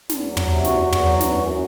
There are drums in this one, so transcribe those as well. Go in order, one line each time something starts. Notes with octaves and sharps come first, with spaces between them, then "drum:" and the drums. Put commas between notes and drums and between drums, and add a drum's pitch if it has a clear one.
E2, drum: snare
F#3
drum: tom
C3
E2 F#4, drum: snare
E2
drum: tom
F#3
E3, drum: snare
F#2